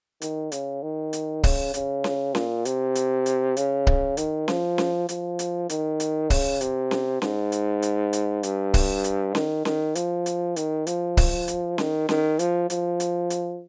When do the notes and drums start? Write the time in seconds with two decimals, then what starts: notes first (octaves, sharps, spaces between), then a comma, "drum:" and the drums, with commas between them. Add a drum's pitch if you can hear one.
0.22 D#3, drum: hi-hat
0.52 C#3, drum: hi-hat
0.82 D#3
1.13 drum: hi-hat
1.44 C#3, drum: kick C#1, open hi-hat
1.74 C#3, drum: hi-hat
2.04 drum: snare C#4
2.35 A#2, drum: snare C#4
2.65 C3, drum: hi-hat
2.95 drum: hi-hat
3.26 drum: hi-hat
3.57 C#3, drum: hi-hat
3.87 drum: kick C#1
4.17 D#3, drum: hi-hat
4.48 F3, drum: snare C#4
4.78 drum: snare C#4
5.09 F3, drum: hi-hat
5.39 drum: hi-hat
5.69 D#3, drum: hi-hat
6.00 drum: hi-hat
6.30 C#3, drum: kick C#1, open hi-hat
6.61 C3, drum: hi-hat
6.91 drum: snare C#4
7.22 G#2, drum: snare C#4
7.52 drum: hi-hat
7.82 drum: hi-hat
8.13 drum: hi-hat
8.43 G2, drum: hi-hat
8.74 drum: kick C#1, open hi-hat
9.04 drum: hi-hat
9.35 D#3, drum: snare C#4
9.65 D#3, drum: snare C#4
9.95 F3, drum: hi-hat
10.26 drum: hi-hat
10.56 D#3, drum: hi-hat
10.87 F3, drum: hi-hat
11.17 drum: kick C#1, open hi-hat
11.48 drum: hi-hat
11.78 D#3, drum: snare C#4
12.09 D#3, drum: snare C#4
12.39 F3, drum: hi-hat
12.70 F3, drum: hi-hat
13.00 drum: hi-hat
13.30 drum: hi-hat